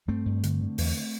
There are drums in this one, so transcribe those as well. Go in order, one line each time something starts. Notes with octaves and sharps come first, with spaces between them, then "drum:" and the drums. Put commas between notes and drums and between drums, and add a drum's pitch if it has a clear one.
G2 A3 C4
G2
D3, drum: hi-hat
D3
E2, drum: open hi-hat